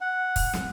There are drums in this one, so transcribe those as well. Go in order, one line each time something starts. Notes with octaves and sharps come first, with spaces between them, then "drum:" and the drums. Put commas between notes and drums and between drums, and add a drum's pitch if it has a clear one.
F#5
drum: kick, open hi-hat
drum: snare